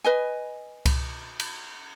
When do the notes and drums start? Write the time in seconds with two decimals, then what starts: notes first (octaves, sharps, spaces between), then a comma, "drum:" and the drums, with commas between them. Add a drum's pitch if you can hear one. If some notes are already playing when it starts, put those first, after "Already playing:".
0.04 B4 D#5 G#5
0.86 drum: kick C2, cymbal
1.40 drum: cymbal